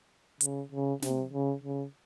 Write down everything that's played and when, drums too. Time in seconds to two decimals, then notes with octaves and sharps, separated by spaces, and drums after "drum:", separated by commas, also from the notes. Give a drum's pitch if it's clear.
0.41 C#3, drum: hi-hat
0.72 C#3
1.02 C3, drum: snare
1.33 C#3
1.63 C#3